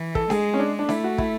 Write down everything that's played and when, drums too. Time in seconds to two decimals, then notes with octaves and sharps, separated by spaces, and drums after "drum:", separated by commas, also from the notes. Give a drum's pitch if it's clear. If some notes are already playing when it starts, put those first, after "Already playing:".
Already playing: E3
0.15 A4, drum: kick
0.30 G#3 G#4, drum: snare D4
0.54 C#4
0.59 D4
0.79 D4
0.89 A3 E4, drum: snare D4
1.04 F#4
1.18 E4, drum: kick